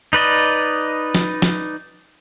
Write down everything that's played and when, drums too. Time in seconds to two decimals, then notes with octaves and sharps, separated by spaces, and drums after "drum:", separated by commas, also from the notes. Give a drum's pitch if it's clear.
0.13 D#4 B4 D5 D#5
1.15 drum: snare
1.42 drum: snare